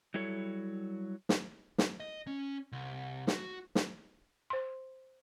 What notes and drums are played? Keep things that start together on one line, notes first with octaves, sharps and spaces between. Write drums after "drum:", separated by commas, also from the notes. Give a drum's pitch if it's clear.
F#3 G3 E4 A4 C#5
drum: snare
drum: snare
D#5
C#4
C2
F#4, drum: snare
drum: snare
C5 C6